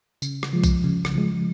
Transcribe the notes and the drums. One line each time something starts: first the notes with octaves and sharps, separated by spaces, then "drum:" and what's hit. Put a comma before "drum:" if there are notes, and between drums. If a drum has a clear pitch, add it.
C#3, drum: tambourine
drum: rim click
F3 G#3
drum: kick A#1, tambourine
C#3
drum: rim click
F3 G#3